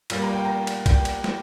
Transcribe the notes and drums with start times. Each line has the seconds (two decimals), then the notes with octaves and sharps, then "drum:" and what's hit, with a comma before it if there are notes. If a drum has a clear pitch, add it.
0.10 A#2 G3 A#3, drum: cymbal
0.22 A#5
0.33 G5
0.45 A#5
0.67 drum: cymbal
0.86 G5, drum: kick A#1, cymbal
1.05 drum: cymbal
1.24 drum: snare